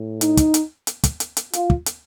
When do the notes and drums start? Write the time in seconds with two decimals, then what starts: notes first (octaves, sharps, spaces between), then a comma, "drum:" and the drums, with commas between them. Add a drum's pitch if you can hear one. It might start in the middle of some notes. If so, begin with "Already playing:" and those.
Already playing: A2
0.21 D#4, drum: hi-hat
0.37 drum: kick, hi-hat
0.54 drum: hi-hat
0.87 drum: hi-hat
1.04 drum: kick, hi-hat
1.20 drum: hi-hat
1.37 drum: hi-hat
1.53 F4, drum: hi-hat
1.70 drum: kick
1.86 drum: hi-hat